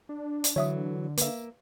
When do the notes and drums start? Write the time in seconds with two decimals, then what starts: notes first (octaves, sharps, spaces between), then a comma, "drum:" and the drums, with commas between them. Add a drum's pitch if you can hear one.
0.09 D4
0.44 drum: hi-hat
0.56 D3 E3 F#3 C#5 E5 D#6
1.17 A#3 B4 E5 F5, drum: hi-hat